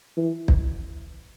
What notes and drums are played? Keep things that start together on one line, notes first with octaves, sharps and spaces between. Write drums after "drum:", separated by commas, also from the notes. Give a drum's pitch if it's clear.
E3
drum: kick